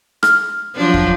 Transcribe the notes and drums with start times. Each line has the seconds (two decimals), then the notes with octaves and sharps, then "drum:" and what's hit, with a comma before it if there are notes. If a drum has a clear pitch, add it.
0.23 F6, drum: rim click
0.76 F3 F#3 D4
0.94 drum: kick